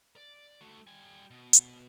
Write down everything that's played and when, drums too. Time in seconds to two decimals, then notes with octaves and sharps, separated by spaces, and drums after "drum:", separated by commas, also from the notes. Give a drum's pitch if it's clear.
0.16 D5
0.61 A3 F#4
0.87 G3 G#5
1.31 B2
1.53 drum: hi-hat